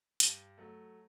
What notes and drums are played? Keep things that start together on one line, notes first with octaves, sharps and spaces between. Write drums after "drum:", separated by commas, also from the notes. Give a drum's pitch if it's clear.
G2, drum: hi-hat
F#3 A3